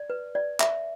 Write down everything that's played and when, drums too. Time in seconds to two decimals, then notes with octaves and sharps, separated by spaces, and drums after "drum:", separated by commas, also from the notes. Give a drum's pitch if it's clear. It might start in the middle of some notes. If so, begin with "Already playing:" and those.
Already playing: D5
0.10 B4
0.35 D5
0.60 E5, drum: clap